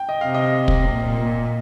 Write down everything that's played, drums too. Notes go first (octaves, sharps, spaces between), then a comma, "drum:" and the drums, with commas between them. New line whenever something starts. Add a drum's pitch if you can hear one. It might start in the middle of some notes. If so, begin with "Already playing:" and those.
Already playing: G5
D#5
C3 F5
D#5
drum: kick
A#2